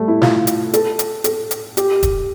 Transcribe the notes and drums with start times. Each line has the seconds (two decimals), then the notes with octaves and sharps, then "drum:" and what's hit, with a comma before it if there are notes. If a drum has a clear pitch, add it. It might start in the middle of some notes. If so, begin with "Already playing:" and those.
Already playing: G3 A3
0.08 E4
0.22 F4, drum: snare
0.47 drum: hi-hat
0.73 A4, drum: hi-hat
0.99 drum: hi-hat
1.24 A4, drum: hi-hat
1.51 drum: hi-hat
1.77 G4, drum: hi-hat
2.03 drum: kick D#1, hi-hat